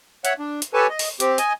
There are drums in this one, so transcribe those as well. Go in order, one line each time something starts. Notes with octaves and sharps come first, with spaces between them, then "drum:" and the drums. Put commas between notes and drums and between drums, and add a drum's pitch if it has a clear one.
C#5 E5 F#5 F#6, drum: hi-hat
D4
drum: hi-hat
G4 A4 B4 C#5 G#5 A5
D#5
drum: open hi-hat
C4 G4, drum: hi-hat
D#5 G#5, drum: hi-hat